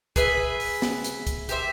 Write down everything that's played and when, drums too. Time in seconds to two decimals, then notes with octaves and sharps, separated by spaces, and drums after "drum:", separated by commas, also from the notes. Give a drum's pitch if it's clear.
0.16 G#4 B4 E5, drum: kick, hi-hat
0.60 drum: open hi-hat
0.82 drum: snare
1.04 drum: hi-hat
1.27 drum: kick, hi-hat
1.49 G4 C5 E5, drum: hi-hat